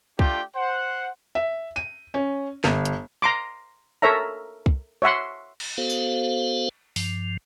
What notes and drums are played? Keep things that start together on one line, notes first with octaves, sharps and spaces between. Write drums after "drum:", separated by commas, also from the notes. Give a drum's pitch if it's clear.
A3 D4 F4 G4 D5 G5, drum: kick C2
C5 F#5
E5
D#7
C#4
G1, drum: snare
drum: hi-hat
A#5 C6 D6
A4 A#4 C#5 E5 A#5
drum: kick C2
C#5 E5 F#5 C6
drum: cymbal
B3 F#4 A4 C5 F5
drum: tambourine
G2 F3, drum: open hi-hat